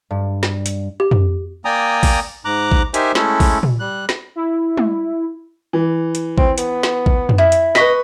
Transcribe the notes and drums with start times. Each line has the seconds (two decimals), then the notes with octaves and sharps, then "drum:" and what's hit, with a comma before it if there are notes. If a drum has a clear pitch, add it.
0.11 G2
0.43 drum: snare
0.66 drum: hi-hat
1.00 G4
1.11 drum: tom
1.65 A#3 D5 G5 G#5 A#5 D#6
2.03 drum: kick A1, open hi-hat
2.45 G#2 A#5 D6 F#6
2.72 drum: kick A1
2.94 D#4 G4 A#4 C5 E5 G#5, drum: hi-hat
3.15 G#3 A3 C#4 E4 A4, drum: snare
3.40 drum: kick A1, open hi-hat
3.63 drum: tom
3.80 G3 F#6
4.09 drum: snare
4.36 E4
4.77 drum: tom
5.73 E3
6.15 drum: hi-hat
6.38 C4, drum: kick A1
6.58 B3, drum: hi-hat
6.83 drum: snare
7.06 drum: kick A1
7.29 drum: tom
7.38 E4
7.52 drum: hi-hat
7.75 B4 D#5 C#6 B6, drum: snare